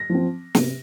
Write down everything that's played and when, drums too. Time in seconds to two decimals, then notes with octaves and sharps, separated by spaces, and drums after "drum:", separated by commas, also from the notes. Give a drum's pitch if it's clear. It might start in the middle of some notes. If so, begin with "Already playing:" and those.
Already playing: A#6
0.10 F3
0.15 C4
0.55 C3, drum: snare